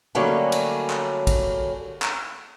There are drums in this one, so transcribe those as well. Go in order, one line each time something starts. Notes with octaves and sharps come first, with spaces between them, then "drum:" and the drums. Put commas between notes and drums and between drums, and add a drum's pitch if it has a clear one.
D3 F#3 G3 A3 A#3 C#4
drum: cymbal
drum: clap
drum: kick, cymbal
drum: clap